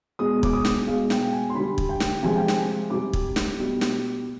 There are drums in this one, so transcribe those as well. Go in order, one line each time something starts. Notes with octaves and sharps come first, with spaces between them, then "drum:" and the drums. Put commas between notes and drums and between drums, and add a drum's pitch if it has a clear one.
B2 G#3 D#6
D6, drum: kick
D#6
drum: snare
B2 G#3 F5
G5, drum: snare
G#5
C6
D3 G3 B5
drum: kick
G5
drum: snare
C3 F3 G#3 G#5
G5
G#5, drum: snare
C3 G3 D6
drum: kick
drum: snare
B2 G3
drum: snare